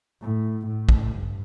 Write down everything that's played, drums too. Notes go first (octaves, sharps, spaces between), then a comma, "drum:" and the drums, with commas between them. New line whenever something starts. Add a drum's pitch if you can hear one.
A2
A2
drum: kick
G2